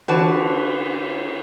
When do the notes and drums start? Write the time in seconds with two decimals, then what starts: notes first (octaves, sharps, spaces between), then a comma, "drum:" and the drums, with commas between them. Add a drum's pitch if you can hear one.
0.08 D3 E3 F#4 A5, drum: cymbal